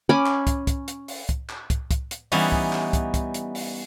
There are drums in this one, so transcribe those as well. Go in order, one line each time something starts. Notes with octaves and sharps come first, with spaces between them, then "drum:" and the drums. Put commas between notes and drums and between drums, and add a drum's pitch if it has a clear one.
C#4 G#5 B5 D6
drum: clap
drum: kick, hi-hat
drum: kick, hi-hat
drum: hi-hat
drum: open hi-hat
drum: kick, hi-hat
drum: clap
drum: kick, hi-hat
drum: kick, hi-hat
drum: hi-hat
E3 G3 B3 C#4 D#4, drum: open hi-hat
drum: kick
drum: clap
drum: kick, hi-hat
drum: kick, hi-hat
drum: hi-hat
drum: open hi-hat